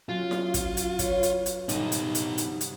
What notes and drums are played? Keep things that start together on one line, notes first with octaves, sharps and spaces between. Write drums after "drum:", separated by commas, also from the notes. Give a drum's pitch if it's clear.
F#3 C#4 F4 F#4
drum: snare E4
drum: kick, hi-hat
drum: hi-hat
B4 C#5, drum: kick, hi-hat
drum: hi-hat
drum: hi-hat
G1 C3 D#4 F#4 D#7, drum: hi-hat
drum: hi-hat
drum: hi-hat
drum: hi-hat
drum: hi-hat